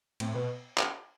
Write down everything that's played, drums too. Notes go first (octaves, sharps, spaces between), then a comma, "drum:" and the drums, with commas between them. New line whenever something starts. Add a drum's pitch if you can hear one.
A2 C4, drum: cymbal
B2 B3
drum: clap